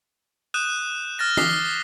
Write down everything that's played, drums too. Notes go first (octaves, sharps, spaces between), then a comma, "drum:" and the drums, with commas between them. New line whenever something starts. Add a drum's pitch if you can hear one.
D#6 F#6 G6 D#7 E7
F6 A6 A#6 E7
D6 D#6 F6 B6 C7 G7, drum: tom